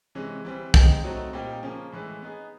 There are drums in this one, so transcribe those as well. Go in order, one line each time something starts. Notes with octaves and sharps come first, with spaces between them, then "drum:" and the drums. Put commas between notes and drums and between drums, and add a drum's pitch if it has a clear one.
C3 E3 G#3 C#4
E3 G3 C4
G#3 C4 D#4 G4, drum: kick
F#3 A3 C4 D#4 F#4
A#2 G3 C4 D#4 G4
C#3 F3 A#3 C#4
A2 E3 G#3
B3 D#4 G#4